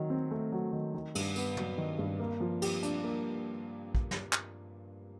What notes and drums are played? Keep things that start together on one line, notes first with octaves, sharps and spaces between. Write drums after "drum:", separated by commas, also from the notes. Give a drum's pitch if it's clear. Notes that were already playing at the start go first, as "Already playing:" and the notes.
Already playing: D#3 F#3
C4
A3
F#3
D#3
D#3
G2, drum: cymbal
B3, drum: tambourine
F#3, drum: tom
D#3
G2
A#3
F3
G4, drum: cymbal
D4, drum: hi-hat
A#3
drum: kick
drum: snare
drum: clap